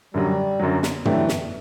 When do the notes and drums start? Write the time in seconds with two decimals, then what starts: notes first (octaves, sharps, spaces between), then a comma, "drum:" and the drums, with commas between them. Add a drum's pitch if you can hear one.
0.14 F#2 D3 F#3 G3
0.60 F#2 D3 F#3
0.83 drum: snare
1.05 D3 E3 F#3 A3 D4 G4, drum: tom
1.29 drum: snare